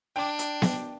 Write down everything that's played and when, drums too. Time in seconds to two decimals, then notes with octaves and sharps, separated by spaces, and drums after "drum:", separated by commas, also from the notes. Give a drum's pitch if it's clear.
0.16 D4 G5 D6
0.39 drum: hi-hat
0.62 drum: snare B3